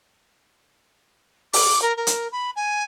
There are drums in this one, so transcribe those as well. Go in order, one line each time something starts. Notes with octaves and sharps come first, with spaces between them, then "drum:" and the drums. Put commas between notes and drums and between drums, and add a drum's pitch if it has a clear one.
D6, drum: open hi-hat
A#4
A#4
drum: hi-hat
B5
G#5